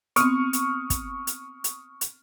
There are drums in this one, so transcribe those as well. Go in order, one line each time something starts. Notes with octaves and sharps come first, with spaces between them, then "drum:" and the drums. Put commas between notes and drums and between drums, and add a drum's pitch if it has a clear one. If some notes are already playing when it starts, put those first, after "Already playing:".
B3 C4 C#6 D#6 F6, drum: hi-hat
drum: hi-hat
drum: kick, hi-hat
drum: hi-hat
drum: hi-hat
drum: hi-hat